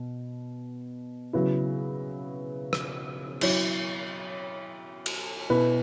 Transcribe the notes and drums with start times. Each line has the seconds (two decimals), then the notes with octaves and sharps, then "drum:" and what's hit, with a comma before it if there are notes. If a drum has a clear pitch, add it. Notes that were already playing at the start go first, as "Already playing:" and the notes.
Already playing: B2
1.33 C#3 F#3 B3 E4
2.73 drum: rim click
3.41 F#3 E4 C#5, drum: cymbal
5.06 drum: cymbal
5.50 B2 B3 E4 B4